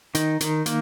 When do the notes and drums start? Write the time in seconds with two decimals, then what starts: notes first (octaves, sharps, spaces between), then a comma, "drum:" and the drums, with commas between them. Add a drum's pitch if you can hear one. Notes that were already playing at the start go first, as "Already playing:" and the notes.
0.15 D#3 D#4, drum: hi-hat
0.41 D#3, drum: hi-hat
0.66 A#3, drum: hi-hat